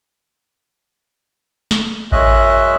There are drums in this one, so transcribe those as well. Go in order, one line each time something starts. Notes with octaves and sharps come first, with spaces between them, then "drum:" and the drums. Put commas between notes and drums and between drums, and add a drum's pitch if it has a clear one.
drum: snare
F#2 G#3 C#4 D#5 E5 F#6, drum: kick A1